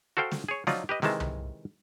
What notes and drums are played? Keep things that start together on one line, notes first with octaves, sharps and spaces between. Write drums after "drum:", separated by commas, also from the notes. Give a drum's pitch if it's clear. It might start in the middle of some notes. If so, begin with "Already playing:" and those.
F#4 A4 C5 F5 G5
drum: snare
G#4 C#5
F3 F#3 D#4 F4 D5, drum: snare
G4 B4 D#5
C3 D#3 E3 G#3 A5, drum: snare
drum: tom C2